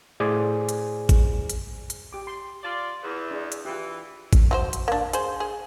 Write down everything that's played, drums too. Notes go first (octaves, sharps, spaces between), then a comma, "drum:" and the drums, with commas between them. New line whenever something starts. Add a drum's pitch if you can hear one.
A2 G#4 C5 D5 G#5
drum: hi-hat
drum: kick, hi-hat
drum: hi-hat
drum: hi-hat
G4 D6
C6
F4 D5
E2
D4 G#4
drum: hi-hat
E3 F4 G4
drum: kick, hi-hat
F#3 F4 C5
drum: hi-hat
A#3 D4
G#4 C5, drum: hi-hat
G#4